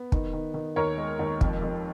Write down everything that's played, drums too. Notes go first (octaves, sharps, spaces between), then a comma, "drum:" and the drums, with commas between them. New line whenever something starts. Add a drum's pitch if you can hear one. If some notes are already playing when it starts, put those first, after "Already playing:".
Already playing: B3
D#3, drum: kick
D#3
D#3
D#2 A#4 C#5
G#3
D#2
F2, drum: kick
F2